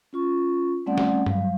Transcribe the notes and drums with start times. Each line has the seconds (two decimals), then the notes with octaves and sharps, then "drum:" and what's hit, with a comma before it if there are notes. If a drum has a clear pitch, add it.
0.13 C#4 F4 C#6
0.86 G3 A3 C4 C#4 D5 F#5
0.98 drum: snare
1.26 F#3 G3 F5, drum: tom G2